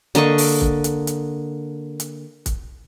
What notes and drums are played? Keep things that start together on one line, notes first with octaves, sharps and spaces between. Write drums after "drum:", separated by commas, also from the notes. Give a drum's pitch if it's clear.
D3 A#3 D#5 C#6, drum: hi-hat
drum: open hi-hat
drum: kick
drum: hi-hat
drum: hi-hat
drum: hi-hat
drum: kick, hi-hat